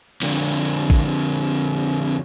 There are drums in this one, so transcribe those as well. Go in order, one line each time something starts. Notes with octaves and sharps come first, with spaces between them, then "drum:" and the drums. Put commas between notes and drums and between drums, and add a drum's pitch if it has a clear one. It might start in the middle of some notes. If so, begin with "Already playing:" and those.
F2 D3, drum: cymbal
drum: kick A1